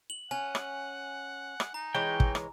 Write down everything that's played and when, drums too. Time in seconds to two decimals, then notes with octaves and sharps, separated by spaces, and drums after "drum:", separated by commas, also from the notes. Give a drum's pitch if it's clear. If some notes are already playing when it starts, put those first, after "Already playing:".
0.10 F#7
0.31 C#4 F#5 G#5
0.55 drum: rim click
1.60 drum: rim click
1.74 D#4 A#5
1.95 E3 G#3 C#5 G5
2.20 drum: kick
2.35 drum: rim click